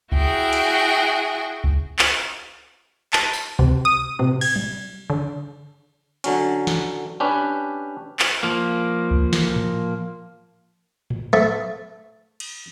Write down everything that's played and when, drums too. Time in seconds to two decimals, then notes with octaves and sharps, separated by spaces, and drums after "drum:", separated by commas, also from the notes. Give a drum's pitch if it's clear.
0.12 E4 F#4 G#4 G5, drum: kick C#2
0.53 drum: hi-hat
1.64 drum: kick C#2
1.99 drum: clap
3.13 A5, drum: clap
3.33 drum: tambourine
3.59 C3, drum: kick C#2
3.85 D#6
4.19 C3, drum: tom A2
4.41 G#6, drum: cymbal
4.56 drum: tom
5.10 D3
6.24 D3 F#3 C#4, drum: hi-hat
6.67 drum: snare
7.20 C#4 D4 G4 B4
8.19 drum: clap
8.43 F3 A#3
9.11 drum: kick C#2
9.33 drum: snare
9.56 drum: tom A2
11.10 drum: tom A2
11.33 A3
12.40 drum: cymbal